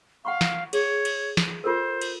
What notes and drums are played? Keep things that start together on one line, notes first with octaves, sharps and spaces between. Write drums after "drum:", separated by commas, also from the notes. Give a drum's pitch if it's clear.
F5 F#5 C6 C#6
drum: snare
G#4 C#5, drum: cymbal
drum: cymbal
drum: snare
F4 A4 A#4 C5
drum: cymbal